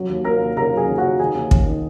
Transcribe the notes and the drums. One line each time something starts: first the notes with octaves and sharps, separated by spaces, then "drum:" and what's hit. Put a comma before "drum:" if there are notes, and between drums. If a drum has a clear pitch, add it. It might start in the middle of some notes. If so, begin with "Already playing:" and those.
Already playing: F#3
D#2
D#2 A#4 A#5
D#2
C#3 A#4 A#5
F#3
G#4 G#5
D#2
F#4 F#5
C#3
D#3 G#4 G#5
D#2
D#2, drum: kick
D#3